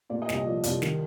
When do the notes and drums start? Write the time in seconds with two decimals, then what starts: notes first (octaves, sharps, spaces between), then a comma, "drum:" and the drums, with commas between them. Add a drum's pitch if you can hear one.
0.10 A#2 D5
0.22 D#5
0.29 C2, drum: snare
0.34 D#5
0.46 F3 D5
0.63 C2 D5, drum: hi-hat
0.82 D#3, drum: snare